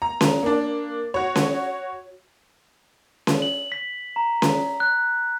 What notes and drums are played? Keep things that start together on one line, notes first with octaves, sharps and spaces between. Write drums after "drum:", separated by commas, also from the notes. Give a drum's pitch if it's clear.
A#5
drum: snare C#4
A#3 D4
F#4 C#5
drum: snare C#4
drum: snare C#4
F#7
B6
A#5
drum: snare C#4
F#6